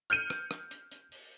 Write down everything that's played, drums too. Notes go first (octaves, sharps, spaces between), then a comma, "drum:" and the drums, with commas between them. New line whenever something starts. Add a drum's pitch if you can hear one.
F6 G6 C#7 D#7, drum: hi-hat
drum: rim click
drum: rim click
drum: hi-hat
drum: hi-hat
drum: open hi-hat